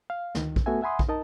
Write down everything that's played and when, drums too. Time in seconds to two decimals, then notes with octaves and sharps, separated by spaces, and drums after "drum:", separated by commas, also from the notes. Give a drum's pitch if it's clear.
0.10 F5
0.35 D2 D#3, drum: snare
0.56 drum: kick A#1
0.66 A3 B3 F#4 A4 E5 G#5
0.82 E5 F#5 G#5 B5 C6 D#6
0.99 drum: kick A#1
1.09 D#4 A#4 D#5 A5